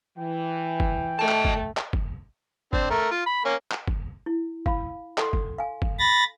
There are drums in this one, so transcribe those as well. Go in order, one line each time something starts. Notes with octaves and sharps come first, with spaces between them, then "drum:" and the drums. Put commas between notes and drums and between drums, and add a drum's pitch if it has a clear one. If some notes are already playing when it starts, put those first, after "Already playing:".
E3 G5
drum: kick
A3 D#5 A5
drum: clap
drum: kick
drum: clap
drum: kick
C4 D4, drum: kick
A3 A#4
F4
B5
A#3 C#4
drum: clap
drum: kick
E4
F5 B5, drum: kick
A4 F#5 C6, drum: clap
drum: kick
F5 G#5
drum: kick
B5 A6 A#6